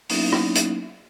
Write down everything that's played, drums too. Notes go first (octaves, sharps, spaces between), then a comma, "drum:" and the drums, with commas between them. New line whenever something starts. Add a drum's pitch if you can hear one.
F#3 A#3 B3 C#4 D#4 E4, drum: open hi-hat
drum: rim click
drum: hi-hat